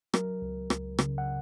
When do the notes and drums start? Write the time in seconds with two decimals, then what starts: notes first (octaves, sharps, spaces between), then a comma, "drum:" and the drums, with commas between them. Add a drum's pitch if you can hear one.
0.14 F#3 A#4, drum: rim click
0.42 C#2
0.70 C#2, drum: rim click
0.99 C#3, drum: rim click
1.18 F#5